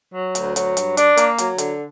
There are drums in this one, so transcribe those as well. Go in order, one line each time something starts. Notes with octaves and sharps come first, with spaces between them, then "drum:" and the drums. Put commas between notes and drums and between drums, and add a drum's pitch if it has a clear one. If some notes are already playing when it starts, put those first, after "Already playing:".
F#3
D2, drum: hi-hat
F#3, drum: hi-hat
G2, drum: hi-hat
D4, drum: hi-hat
A#3, drum: hi-hat
F#3, drum: hi-hat
D3, drum: hi-hat